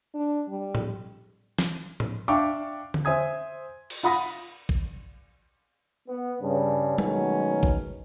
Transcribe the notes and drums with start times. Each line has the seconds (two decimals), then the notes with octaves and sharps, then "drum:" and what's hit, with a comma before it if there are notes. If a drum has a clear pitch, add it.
0.14 D4
0.48 G3
0.75 drum: tom A2
1.58 drum: snare
2.00 drum: tom A2
2.28 D4 E5 F5 G5 C#6 D6
2.94 drum: tom D3
3.05 C5 E5 G#5 D#6 G#6
3.90 drum: cymbal
4.03 F4 F#5 B5 D#6 A#6
4.69 drum: kick
6.09 B3
6.42 G2 C#3
6.98 B2 D#3 F#3 G#3 A3 C#4, drum: tom G3
7.63 drum: kick